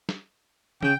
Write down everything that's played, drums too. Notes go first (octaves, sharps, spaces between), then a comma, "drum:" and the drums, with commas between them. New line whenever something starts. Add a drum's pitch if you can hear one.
drum: snare
C#3 G5, drum: tom